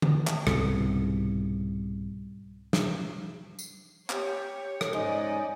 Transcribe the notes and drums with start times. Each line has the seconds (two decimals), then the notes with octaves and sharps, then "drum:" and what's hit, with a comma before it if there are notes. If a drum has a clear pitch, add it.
0.02 drum: tom D3
0.27 drum: clap
0.47 C2 G#2 B2, drum: rim click
2.73 drum: snare
3.59 drum: tambourine
4.10 G4 C#5, drum: clap
4.81 drum: rim click
4.93 G#2 C#4 D#4 D5 G#5